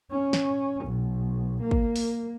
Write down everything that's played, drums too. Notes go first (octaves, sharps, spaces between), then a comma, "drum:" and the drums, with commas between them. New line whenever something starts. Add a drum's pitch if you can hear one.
C#4
drum: snare
B1
A#3
drum: kick
drum: open hi-hat